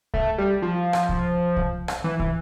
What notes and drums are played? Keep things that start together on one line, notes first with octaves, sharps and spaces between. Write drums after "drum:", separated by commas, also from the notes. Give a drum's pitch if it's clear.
A3, drum: kick
G3
F3
drum: rim click
drum: kick
drum: kick
drum: rim click
E3
E3, drum: kick